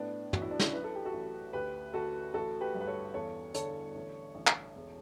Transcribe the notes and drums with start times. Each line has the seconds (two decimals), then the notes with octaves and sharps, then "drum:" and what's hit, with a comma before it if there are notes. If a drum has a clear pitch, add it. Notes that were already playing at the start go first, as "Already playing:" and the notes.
Already playing: A2 B3 D4
0.33 A1 F#4, drum: tom
0.42 E4
0.51 D4
0.59 C#4 E4, drum: snare
0.73 F#3 B4
0.84 A4
0.95 G4
1.05 F#4 A4
1.13 A1
1.53 D2 G4 B4
1.94 D2 F#4 A4
2.34 A1 F#4 A4
2.61 G4 B4
2.75 G2
2.81 B4
2.87 A4 C#5
3.14 E2 A4 C#5
3.54 D3 A4 C#5, drum: hi-hat
3.95 A1
4.35 A1
4.47 drum: clap
4.75 E1